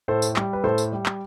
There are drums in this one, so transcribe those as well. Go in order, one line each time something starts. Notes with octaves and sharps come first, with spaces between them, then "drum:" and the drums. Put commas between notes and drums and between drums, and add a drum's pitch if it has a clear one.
A2 A4 C5
drum: tambourine
G3, drum: clap
B4
A2 A4 C5
drum: tambourine
G3
drum: clap